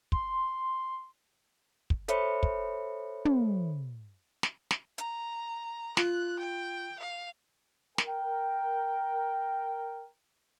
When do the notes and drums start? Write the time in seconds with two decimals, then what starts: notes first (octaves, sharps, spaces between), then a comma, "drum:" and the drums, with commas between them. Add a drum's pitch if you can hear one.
0.12 C6, drum: kick
1.90 drum: kick
2.08 A4 C5 C#5 E5 B5 C#7, drum: hi-hat
2.43 drum: kick
3.25 drum: tom
4.43 drum: snare
4.71 drum: snare
4.98 A#5, drum: hi-hat
5.97 F4 F#6, drum: snare
6.40 G5
6.99 F5
7.98 A#4 G5, drum: snare